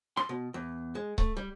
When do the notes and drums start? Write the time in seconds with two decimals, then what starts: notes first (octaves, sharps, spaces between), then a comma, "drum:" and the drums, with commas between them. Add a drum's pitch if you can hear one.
0.17 C6, drum: rim click
0.29 B2
0.54 E2
0.95 G#3
1.18 A3, drum: kick C#1
1.37 G3